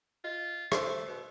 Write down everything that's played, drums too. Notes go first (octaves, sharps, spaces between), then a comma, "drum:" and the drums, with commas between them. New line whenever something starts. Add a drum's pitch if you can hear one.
F4 D#5
A3 C5 C6, drum: rim click
B2